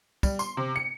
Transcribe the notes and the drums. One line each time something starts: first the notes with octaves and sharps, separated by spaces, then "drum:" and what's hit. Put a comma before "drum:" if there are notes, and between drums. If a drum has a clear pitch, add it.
G3, drum: kick, tambourine
C6, drum: tambourine
C3
C#7